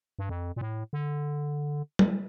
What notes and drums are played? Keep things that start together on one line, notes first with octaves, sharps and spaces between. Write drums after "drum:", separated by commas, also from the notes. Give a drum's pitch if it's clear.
G2
F2
A#2
A2
D3
drum: tom G3